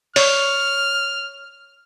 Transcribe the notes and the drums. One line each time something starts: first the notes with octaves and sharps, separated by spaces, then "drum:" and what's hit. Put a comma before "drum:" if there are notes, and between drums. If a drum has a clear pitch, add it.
C#5 F6, drum: open hi-hat